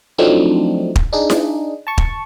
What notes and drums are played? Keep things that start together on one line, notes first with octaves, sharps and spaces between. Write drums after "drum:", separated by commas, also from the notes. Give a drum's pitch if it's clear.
F3 F#3 A3 C4 D4 D#4
drum: kick
D4 D#4 G#4
drum: snare E4
A5 C#6
drum: kick